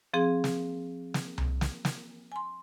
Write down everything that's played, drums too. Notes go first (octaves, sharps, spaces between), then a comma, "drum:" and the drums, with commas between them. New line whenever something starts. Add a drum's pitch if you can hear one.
F3 C4 G#4
drum: snare
drum: snare
drum: tom C2
drum: snare
drum: snare
G#5 C6